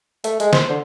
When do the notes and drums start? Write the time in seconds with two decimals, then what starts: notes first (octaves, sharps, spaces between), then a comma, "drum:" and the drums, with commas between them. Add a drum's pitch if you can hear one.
0.24 A3, drum: hi-hat
0.40 G#3, drum: hi-hat
0.53 C5, drum: snare
0.69 D3